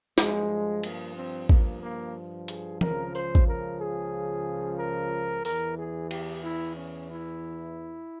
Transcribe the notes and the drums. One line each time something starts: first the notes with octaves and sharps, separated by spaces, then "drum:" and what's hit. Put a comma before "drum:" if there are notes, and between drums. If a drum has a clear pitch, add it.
G2 F3 G#3, drum: snare
A#3, drum: cymbal
C4
A#3, drum: kick A1
A#3
G#4, drum: hi-hat
C#2 C#3 F3 A#4, drum: tom E3
C5, drum: tambourine
drum: kick A1
A#4
G#4
A#4
E2 E3 A#4, drum: open hi-hat
G#4
G4, drum: cymbal
E4
C#4
E4